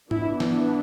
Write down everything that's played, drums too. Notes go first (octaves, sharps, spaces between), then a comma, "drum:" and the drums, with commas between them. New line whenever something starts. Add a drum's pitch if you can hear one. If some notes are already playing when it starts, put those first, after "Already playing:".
E3 B3 D4 E4, drum: tom G#2
drum: snare